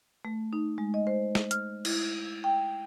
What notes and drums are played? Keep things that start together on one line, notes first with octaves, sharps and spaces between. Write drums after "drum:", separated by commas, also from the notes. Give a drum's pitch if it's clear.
A3
D#4
G#3
D#5
C5
drum: snare
F6, drum: hi-hat
E4, drum: cymbal
G5